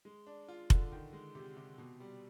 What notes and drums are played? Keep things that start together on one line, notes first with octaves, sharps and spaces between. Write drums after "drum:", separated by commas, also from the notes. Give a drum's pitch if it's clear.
G#3
D4
F4
D3, drum: kick F1
D#3
G#3
C3
C3
B2
G3